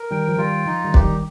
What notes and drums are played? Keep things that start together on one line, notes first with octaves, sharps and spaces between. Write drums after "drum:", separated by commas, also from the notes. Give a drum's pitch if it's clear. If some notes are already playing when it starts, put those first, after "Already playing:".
Already playing: A#4
D#3 G3 G5
F3
D#3 G3 F4
D3 F3 D#4
D#3 G3
G4, drum: kick
D#3 G3